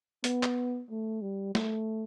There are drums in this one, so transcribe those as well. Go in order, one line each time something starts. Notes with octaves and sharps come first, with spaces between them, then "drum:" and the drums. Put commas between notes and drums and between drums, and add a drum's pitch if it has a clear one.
B3, drum: hi-hat
drum: clap
A3
G3
A3, drum: snare